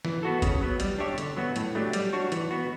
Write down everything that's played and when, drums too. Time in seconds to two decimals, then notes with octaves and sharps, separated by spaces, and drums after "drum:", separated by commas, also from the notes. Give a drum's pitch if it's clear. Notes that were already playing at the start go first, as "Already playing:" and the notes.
0.05 E3, drum: snare
0.23 B3 F#4 A4
0.42 C#3, drum: kick G#1, hi-hat
0.61 F#3 B3
0.80 G3, drum: hi-hat
0.98 D4 G4 C#5 E5
1.18 D3, drum: hi-hat
1.37 F#3 B3 F#4
1.56 A2, drum: hi-hat
1.75 F#3 A3 D4 G4
1.93 G3, drum: hi-hat
2.13 D4 F#4 C#5
2.32 E3, drum: hi-hat
2.51 B3 F#4